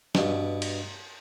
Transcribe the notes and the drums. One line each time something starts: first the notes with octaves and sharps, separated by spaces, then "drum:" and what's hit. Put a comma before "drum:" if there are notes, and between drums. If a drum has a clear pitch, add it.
G2 B2, drum: snare
drum: cymbal